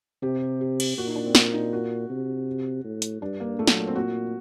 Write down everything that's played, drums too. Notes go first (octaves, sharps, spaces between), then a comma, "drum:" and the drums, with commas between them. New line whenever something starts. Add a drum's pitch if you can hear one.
C3 G4
G4
drum: cymbal
A#2 F#4
D#4
D4
C4
D4, drum: snare
D#4
F#4
C3
A2
drum: hi-hat
G2 D4
A#3
A#2 A3
F#3, drum: snare
C4
A#2 F#4